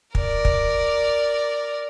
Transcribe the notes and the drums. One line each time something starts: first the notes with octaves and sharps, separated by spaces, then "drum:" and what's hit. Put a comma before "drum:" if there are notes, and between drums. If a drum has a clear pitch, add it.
A#4 D5, drum: kick
drum: kick